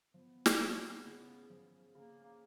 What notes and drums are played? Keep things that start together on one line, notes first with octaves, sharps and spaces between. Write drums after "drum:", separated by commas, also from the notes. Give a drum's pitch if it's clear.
F3 B3
drum: snare
C#3
C#3
F3
C#3 A#3
A#3